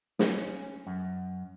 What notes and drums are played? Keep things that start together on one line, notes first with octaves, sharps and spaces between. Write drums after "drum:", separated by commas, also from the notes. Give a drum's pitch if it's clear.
C#4, drum: snare
F#2